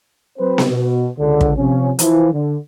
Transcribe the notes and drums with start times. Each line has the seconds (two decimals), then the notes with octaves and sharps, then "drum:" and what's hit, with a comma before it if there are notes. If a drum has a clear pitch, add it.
0.39 F#3 C4 B4 C5
0.58 drum: snare B3
0.71 B2
1.19 C#2 D3
1.41 drum: kick
1.58 C3 F3 C#4
1.99 E3 F3, drum: hi-hat
2.33 D3